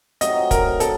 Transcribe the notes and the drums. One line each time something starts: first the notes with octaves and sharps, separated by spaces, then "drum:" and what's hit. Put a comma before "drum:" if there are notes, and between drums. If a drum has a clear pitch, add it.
C3 F#3 A3 D#4 D#5, drum: hi-hat
A#4, drum: kick, hi-hat
A4, drum: hi-hat